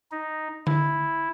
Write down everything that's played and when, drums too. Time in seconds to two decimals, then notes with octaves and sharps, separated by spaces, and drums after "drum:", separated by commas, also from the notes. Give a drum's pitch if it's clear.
0.12 D#4
0.67 E4, drum: tom D3